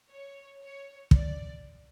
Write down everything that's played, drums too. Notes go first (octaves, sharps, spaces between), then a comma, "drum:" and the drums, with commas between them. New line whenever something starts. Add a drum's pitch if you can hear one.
C#5
C#5
D5, drum: kick